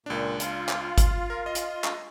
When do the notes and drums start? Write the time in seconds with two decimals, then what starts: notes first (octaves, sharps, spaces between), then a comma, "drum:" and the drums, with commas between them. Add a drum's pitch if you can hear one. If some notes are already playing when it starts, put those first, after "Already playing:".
0.06 C#2 A#2 D4
0.40 F4, drum: hi-hat
0.69 drum: clap
0.98 drum: kick G1, hi-hat
1.30 A#4
1.46 D#5
1.55 drum: hi-hat
1.84 drum: clap